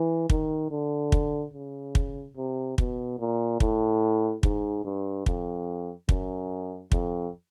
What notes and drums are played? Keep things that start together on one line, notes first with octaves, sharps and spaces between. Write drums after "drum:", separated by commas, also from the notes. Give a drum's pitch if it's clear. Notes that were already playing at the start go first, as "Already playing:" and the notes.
Already playing: E3
D#3, drum: kick
D3
drum: kick
C#3
drum: kick
C3
B2, drum: kick
A#2
A2, drum: kick
G#2, drum: kick
G2
F2, drum: kick
F#2, drum: kick
F2, drum: kick